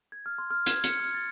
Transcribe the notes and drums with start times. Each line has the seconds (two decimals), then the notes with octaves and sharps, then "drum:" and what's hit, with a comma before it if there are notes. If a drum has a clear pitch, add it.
0.12 G#6
0.26 F6
0.38 C6
0.51 F6
0.66 G#6, drum: hi-hat
0.84 C#7, drum: hi-hat
1.00 F6
1.15 A6